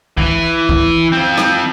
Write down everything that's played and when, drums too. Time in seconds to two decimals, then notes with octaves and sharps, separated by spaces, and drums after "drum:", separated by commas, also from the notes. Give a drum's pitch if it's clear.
0.18 E3, drum: kick C2
0.69 drum: kick C2
1.12 F3 C4
1.38 drum: rim click